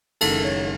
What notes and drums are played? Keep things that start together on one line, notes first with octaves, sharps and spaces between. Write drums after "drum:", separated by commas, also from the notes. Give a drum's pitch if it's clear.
F#1 F#2 D#3 G#3 A4, drum: cymbal
C#5